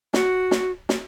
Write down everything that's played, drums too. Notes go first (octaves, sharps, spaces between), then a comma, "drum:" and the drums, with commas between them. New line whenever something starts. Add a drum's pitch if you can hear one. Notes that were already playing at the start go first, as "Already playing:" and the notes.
F#4, drum: snare
drum: snare
drum: snare